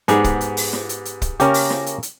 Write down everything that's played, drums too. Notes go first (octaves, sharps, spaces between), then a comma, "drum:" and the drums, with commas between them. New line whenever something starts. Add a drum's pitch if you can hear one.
G#2 B3 G4 G#4, drum: hi-hat
drum: kick, hi-hat
drum: hi-hat
drum: open hi-hat
drum: snare
drum: hi-hat
drum: hi-hat
drum: kick, hi-hat
C#3 A#3 C#4 G4 A#4, drum: hi-hat
drum: open hi-hat
drum: snare
drum: hi-hat
drum: hi-hat